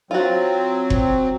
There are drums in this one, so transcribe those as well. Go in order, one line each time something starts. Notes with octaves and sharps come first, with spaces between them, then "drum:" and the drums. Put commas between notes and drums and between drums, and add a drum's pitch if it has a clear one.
F#3 C4 F4 F#4
drum: kick F#1